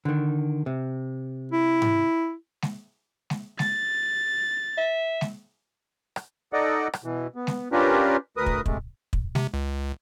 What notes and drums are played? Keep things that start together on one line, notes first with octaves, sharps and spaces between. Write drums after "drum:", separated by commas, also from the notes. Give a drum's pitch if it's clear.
D3 D#3
C3
E4
drum: tom G#2
drum: snare G#3
drum: snare G#3
A6, drum: snare G#3
E5
drum: snare G#3
drum: rim click
D#4 A4 D5 D#5 F#5
drum: rim click
B2 E3
B3
drum: snare G#3
C#4 D4 F4 G4 A#4 B4
D2 A#4 B4 D#6
drum: kick
C3 G#3 A3, drum: kick
drum: kick
C3, drum: snare G#3
C#2